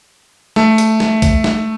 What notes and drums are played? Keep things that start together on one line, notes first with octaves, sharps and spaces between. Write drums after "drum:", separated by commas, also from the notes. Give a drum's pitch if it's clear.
A3, drum: snare
drum: hi-hat
drum: snare
drum: kick B1, hi-hat
drum: snare